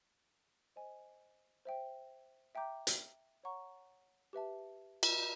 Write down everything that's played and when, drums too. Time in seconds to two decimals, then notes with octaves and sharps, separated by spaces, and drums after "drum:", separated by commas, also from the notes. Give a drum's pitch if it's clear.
0.76 C5 D#5 G#5
1.65 C5 E5 G5
2.55 E5 G5 A#5 D6 G6
2.87 drum: hi-hat
3.44 C#5 F#5 A#5 C#6
4.33 G4 B4 E5 A5
5.03 drum: cymbal